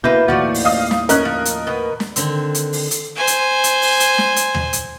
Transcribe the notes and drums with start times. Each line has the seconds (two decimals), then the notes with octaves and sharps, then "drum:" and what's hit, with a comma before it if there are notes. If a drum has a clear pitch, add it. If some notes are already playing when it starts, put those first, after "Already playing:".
0.04 B2 A#3 E4 B4 G6
0.28 D#2 A2 F3 A3 F#4 D5
0.54 drum: open hi-hat
0.65 D#5 F5 D#6
0.91 drum: snare
1.09 C#4 A#4 D#5 F#6, drum: hi-hat
1.25 F3
1.45 drum: hi-hat
1.67 B2 B3
2.00 drum: snare
2.16 D3 D#3 C4, drum: hi-hat
2.55 drum: hi-hat
2.73 drum: open hi-hat
2.91 drum: hi-hat
3.16 C5 G#5
3.27 drum: hi-hat
3.64 drum: hi-hat
3.82 drum: open hi-hat
4.00 drum: hi-hat
4.18 drum: snare
4.36 drum: hi-hat
4.55 drum: tom D#2
4.73 drum: hi-hat